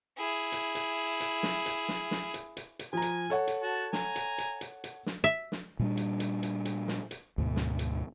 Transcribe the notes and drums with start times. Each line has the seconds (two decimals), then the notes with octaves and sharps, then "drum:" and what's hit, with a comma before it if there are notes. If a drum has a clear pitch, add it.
0.18 E4 G#4
0.52 drum: hi-hat
0.75 drum: hi-hat
1.20 drum: hi-hat
1.43 drum: snare
1.66 drum: hi-hat
1.89 drum: snare
2.11 drum: snare
2.34 drum: hi-hat
2.57 drum: hi-hat
2.79 drum: hi-hat
2.93 F3 G#5 A#5
3.02 drum: hi-hat
3.30 A4 C#5 F#5
3.47 drum: hi-hat
3.63 F#4 A5
3.93 G#5 A#5, drum: snare
4.16 drum: hi-hat
4.38 drum: hi-hat
4.61 drum: hi-hat
4.84 drum: hi-hat
5.06 drum: snare
5.24 E5
5.52 drum: snare
5.79 A#2 G3 D4
5.97 drum: hi-hat
6.20 drum: hi-hat
6.43 drum: hi-hat
6.65 drum: hi-hat
6.88 drum: snare
7.11 drum: hi-hat
7.38 D2 G#2 B2
7.56 drum: snare
7.79 drum: hi-hat